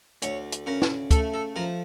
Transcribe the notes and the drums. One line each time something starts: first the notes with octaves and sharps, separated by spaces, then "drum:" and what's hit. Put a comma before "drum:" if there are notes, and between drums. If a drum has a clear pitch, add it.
D2 C#5, drum: hi-hat
drum: hi-hat
C#3 A#4
drum: snare
A3 A4, drum: kick, hi-hat
A4
F3 A#4